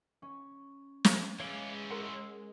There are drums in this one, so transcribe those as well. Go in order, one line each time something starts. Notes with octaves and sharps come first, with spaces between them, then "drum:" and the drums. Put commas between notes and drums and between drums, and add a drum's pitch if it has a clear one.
C#4
drum: snare
E3 G#3 C#4 C#5 F5 D6
A#4 F#5 C6 E6